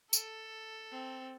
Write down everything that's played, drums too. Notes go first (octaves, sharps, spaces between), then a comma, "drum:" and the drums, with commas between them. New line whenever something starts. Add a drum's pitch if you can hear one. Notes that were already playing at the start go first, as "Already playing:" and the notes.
A4, drum: tambourine
C4